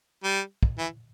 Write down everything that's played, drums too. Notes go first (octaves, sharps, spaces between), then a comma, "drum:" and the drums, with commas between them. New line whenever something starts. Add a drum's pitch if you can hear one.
G3
drum: kick
E3